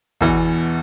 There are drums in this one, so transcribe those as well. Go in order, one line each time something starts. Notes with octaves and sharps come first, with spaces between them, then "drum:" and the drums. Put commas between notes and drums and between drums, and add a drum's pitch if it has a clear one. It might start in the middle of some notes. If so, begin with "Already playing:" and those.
E2 B2 E3, drum: kick, hi-hat